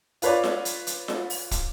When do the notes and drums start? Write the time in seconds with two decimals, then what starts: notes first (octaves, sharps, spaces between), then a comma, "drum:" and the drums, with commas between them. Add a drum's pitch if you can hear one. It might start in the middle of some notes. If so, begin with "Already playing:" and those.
0.22 F4 B4 C#5 D5, drum: hi-hat
0.44 drum: snare F4
0.65 drum: hi-hat
0.87 drum: hi-hat
1.08 drum: snare F4
1.30 drum: open hi-hat
1.51 drum: kick, hi-hat